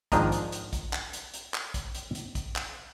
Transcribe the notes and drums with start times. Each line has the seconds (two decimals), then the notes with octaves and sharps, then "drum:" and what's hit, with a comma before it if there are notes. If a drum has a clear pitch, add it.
0.12 G#2 D#3 F3 D4 D#5 A#5, drum: kick, hi-hat
0.32 drum: hi-hat
0.52 drum: hi-hat
0.73 drum: kick, hi-hat
0.93 drum: clap
1.13 drum: hi-hat
1.34 drum: hi-hat
1.54 drum: clap
1.74 drum: kick, hi-hat
1.95 drum: hi-hat
2.15 drum: hi-hat
2.35 drum: kick, hi-hat
2.56 drum: clap